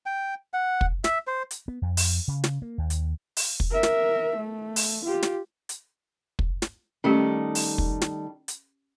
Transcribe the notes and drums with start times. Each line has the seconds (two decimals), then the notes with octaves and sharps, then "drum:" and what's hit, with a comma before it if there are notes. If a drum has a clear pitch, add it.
0.06 G5
0.53 F#5
0.81 drum: kick
1.04 E5, drum: snare
1.27 C5
1.51 drum: hi-hat
1.68 B3
1.82 F2
1.97 drum: open hi-hat
2.28 C#3
2.44 drum: snare
2.62 A#3
2.78 D#2
2.90 drum: hi-hat
3.37 drum: open hi-hat
3.60 drum: kick
3.71 A#4 E5
3.83 drum: snare
4.36 A3
4.76 drum: open hi-hat
5.04 F4 G4
5.23 drum: snare
5.69 drum: hi-hat
6.39 drum: kick
6.62 drum: snare
7.04 D#3 G3 A3 C#4 G4
7.55 drum: open hi-hat
7.78 drum: kick
8.01 drum: snare
8.48 drum: hi-hat